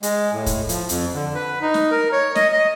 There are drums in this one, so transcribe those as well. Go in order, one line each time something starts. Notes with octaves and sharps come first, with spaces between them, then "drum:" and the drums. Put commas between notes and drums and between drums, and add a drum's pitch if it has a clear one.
G#3, drum: hi-hat
A2
drum: kick, hi-hat
F3, drum: hi-hat
F2, drum: hi-hat
D3
B4
D#4
drum: snare
A#4
C#5
D#5, drum: snare
D#5